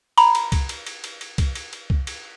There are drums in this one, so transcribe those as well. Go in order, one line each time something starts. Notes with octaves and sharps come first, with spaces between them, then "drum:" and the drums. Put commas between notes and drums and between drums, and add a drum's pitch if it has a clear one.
A#5 B5, drum: cymbal
drum: cymbal
drum: kick C2, cymbal
drum: cymbal
drum: cymbal
drum: cymbal
drum: cymbal
drum: kick C2, cymbal
drum: cymbal
drum: cymbal
drum: kick C2
drum: cymbal